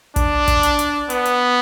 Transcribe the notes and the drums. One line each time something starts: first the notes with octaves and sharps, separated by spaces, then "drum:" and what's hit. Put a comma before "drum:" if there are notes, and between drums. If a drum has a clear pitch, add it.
D4, drum: kick, hi-hat
drum: kick, hi-hat
drum: hi-hat
drum: hi-hat
B3, drum: hi-hat
drum: hi-hat